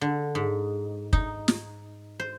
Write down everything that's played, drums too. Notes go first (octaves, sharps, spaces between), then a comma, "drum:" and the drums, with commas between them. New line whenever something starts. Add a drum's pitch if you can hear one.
D3
G#2
D#4, drum: kick
drum: snare
C5